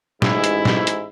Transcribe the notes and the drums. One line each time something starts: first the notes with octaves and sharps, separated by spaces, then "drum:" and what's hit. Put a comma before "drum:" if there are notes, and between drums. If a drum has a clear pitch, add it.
A1 G#2 E4, drum: snare
drum: hi-hat
drum: snare
drum: hi-hat